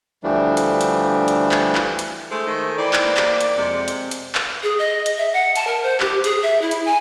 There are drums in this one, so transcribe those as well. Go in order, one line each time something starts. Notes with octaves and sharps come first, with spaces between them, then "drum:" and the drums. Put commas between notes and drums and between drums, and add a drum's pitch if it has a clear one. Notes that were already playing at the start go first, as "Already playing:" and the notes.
D2 E3 F3 G3 A3 D4
drum: hi-hat
drum: hi-hat
drum: hi-hat
drum: clap
drum: clap
drum: hi-hat
G#3 A3 A4 C5
D#3
E3 C5 D5 G5 D6
drum: clap
A#3
drum: clap
drum: hi-hat
F2 C3 G#3
drum: hi-hat
drum: hi-hat
drum: clap
G#4
D#5
drum: hi-hat
E5
F#5
A5, drum: hi-hat
A#4
C5
G4, drum: clap
G#4, drum: hi-hat
E5
E4
drum: hi-hat
G#5